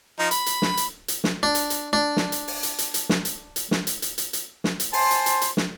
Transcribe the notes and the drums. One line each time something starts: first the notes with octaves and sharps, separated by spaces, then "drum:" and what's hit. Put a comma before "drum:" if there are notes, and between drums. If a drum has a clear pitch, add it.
F3 D#4
B5, drum: hi-hat
drum: hi-hat
drum: snare
drum: hi-hat
drum: hi-hat
drum: snare
D4
drum: hi-hat
drum: hi-hat
D4
drum: snare
drum: hi-hat
drum: open hi-hat
drum: hi-hat
drum: hi-hat
drum: hi-hat
drum: snare
drum: hi-hat
drum: hi-hat
drum: snare
drum: hi-hat
drum: hi-hat
drum: hi-hat
drum: hi-hat
drum: snare
drum: hi-hat
C5 G#5 A5 C6, drum: open hi-hat
drum: hi-hat
drum: hi-hat
drum: hi-hat
drum: snare